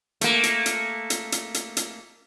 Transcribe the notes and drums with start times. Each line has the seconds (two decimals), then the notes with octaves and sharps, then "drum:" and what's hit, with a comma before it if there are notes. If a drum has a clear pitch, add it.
0.21 A3 A#3, drum: hi-hat
0.43 drum: hi-hat
0.66 drum: hi-hat
1.10 drum: hi-hat
1.32 drum: hi-hat
1.54 drum: hi-hat
1.77 drum: hi-hat